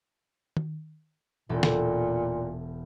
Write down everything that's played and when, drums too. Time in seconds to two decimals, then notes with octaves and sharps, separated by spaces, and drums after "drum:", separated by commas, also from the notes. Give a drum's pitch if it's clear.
0.57 drum: tom D#3
1.49 E1 A#2 G4 A4
1.63 drum: snare